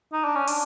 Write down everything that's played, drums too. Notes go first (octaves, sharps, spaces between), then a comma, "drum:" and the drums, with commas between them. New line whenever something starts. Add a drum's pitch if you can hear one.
D#4
D4
C#4
D4, drum: open hi-hat